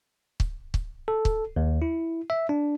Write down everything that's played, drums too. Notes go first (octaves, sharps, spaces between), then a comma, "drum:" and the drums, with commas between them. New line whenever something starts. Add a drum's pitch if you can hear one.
drum: kick
drum: kick
A4
drum: kick
D#2
E4
E5
D4